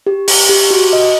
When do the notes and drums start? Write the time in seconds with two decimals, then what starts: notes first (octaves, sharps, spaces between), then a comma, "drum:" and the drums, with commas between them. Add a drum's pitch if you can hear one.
0.07 G4
0.28 G4, drum: open hi-hat
0.49 G4
0.71 F#4
0.93 D#5